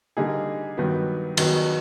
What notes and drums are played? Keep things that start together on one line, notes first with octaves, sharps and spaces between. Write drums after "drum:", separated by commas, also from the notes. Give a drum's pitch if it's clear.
D3 G3 A#3 D#4 G#4
G2 D#3 F#3 B3
D#3 F#3 B3 D#4, drum: cymbal